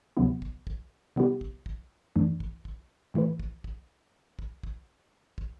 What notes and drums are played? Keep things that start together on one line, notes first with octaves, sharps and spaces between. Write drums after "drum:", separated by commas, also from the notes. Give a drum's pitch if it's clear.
D2 C3 F#3 B3 E4
drum: kick
drum: kick
C3 G3 B3 E4 G4
drum: kick
drum: kick
F#2 E3 A3 D4
drum: kick
drum: kick
A2 E3 A3 E4 B4
drum: kick
drum: kick
drum: kick
drum: kick
drum: kick